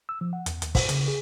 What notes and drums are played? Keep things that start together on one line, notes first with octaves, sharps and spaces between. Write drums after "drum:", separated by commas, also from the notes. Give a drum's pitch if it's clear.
E6
F3
F#5
E2, drum: hi-hat
D#2, drum: hi-hat
C5, drum: kick, open hi-hat
C#3, drum: hi-hat
G#4